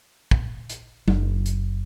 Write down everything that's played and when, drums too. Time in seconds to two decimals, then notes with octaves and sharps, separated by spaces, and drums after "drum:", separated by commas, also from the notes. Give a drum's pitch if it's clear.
0.31 drum: kick
0.70 drum: hi-hat
1.08 F#1, drum: tom F#3
1.46 drum: hi-hat